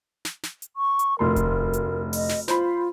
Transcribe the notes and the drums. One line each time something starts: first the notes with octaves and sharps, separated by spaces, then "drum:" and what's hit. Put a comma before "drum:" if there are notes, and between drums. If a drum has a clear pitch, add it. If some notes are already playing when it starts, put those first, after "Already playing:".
drum: snare
drum: snare
drum: hi-hat
C#6
drum: hi-hat
F1 D2 A#4 C6
drum: kick D#1, hi-hat
drum: hi-hat
D#5, drum: open hi-hat
drum: snare
F4 C5 B5, drum: snare